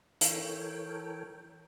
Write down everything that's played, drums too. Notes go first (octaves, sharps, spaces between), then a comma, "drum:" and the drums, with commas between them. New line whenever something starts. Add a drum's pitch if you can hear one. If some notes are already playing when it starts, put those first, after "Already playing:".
E3 A4 A#4 C#5 G5, drum: hi-hat